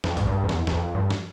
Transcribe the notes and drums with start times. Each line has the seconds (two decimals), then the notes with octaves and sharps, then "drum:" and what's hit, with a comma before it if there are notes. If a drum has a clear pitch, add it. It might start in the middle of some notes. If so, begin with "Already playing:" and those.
0.04 F2, drum: snare
0.17 G#2, drum: kick A#1, hi-hat
0.27 G2
0.44 F2
0.49 E2, drum: snare
0.67 E2, drum: snare
0.73 F2
0.95 G2
1.10 drum: snare